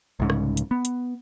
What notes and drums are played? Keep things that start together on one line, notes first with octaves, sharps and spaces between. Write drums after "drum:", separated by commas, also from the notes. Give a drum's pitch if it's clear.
C2 G#2 C#3
drum: rim click
drum: hi-hat
B3
drum: hi-hat